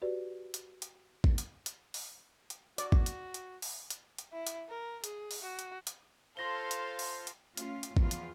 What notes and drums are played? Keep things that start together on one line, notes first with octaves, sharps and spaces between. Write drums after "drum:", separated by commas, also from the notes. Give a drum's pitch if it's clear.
F#4 G4 B4 D5
drum: hi-hat
drum: hi-hat
drum: kick
drum: hi-hat
drum: hi-hat
drum: open hi-hat
drum: hi-hat
F#4 D5, drum: hi-hat
drum: kick
drum: hi-hat
drum: hi-hat
drum: open hi-hat
drum: hi-hat
drum: hi-hat
E4
drum: hi-hat
A#4
G#4, drum: hi-hat
drum: open hi-hat
F#4
drum: hi-hat
drum: hi-hat
F4 A4 C5 F5 C6 A#6 G7
drum: hi-hat
drum: open hi-hat
drum: hi-hat
A3 C#4 F4, drum: hi-hat
drum: hi-hat
E2 F3 F4, drum: kick
drum: hi-hat